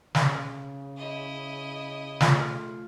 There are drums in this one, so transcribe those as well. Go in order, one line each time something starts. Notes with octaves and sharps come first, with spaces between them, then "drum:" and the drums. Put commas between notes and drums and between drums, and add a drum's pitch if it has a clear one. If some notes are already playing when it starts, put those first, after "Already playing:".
C#3, drum: snare
E4 D#5
A3 F4 F5, drum: snare